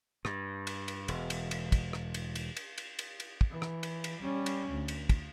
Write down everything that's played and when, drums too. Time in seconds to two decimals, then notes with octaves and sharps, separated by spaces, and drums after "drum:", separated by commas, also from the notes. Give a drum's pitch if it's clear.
0.25 G2, drum: rim click
0.67 drum: cymbal
0.88 drum: cymbal
1.08 E1, drum: cymbal
1.30 drum: cymbal
1.51 drum: cymbal
1.72 drum: kick, cymbal
1.93 drum: rim click
2.14 drum: cymbal
2.35 drum: cymbal
2.57 drum: cymbal
2.78 drum: cymbal
2.99 drum: cymbal
3.20 drum: cymbal
3.41 drum: kick
3.51 E3
3.62 drum: rim click
3.83 drum: cymbal
4.04 drum: cymbal
4.22 G3 C#4
4.46 drum: cymbal
4.71 D2
4.88 drum: cymbal
5.09 drum: kick, cymbal